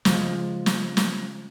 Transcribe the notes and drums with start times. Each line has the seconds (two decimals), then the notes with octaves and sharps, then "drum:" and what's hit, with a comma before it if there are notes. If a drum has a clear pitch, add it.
0.05 C#3 F3 G#3, drum: snare
0.66 drum: snare
0.97 drum: snare